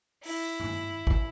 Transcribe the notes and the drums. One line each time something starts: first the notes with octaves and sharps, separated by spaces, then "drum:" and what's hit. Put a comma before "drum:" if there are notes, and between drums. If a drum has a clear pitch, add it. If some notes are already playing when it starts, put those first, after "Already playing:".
E4, drum: open hi-hat
drum: tom G2
drum: kick